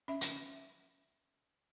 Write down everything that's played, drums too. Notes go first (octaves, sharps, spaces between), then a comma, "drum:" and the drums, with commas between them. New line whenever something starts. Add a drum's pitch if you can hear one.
C#4 E5
drum: hi-hat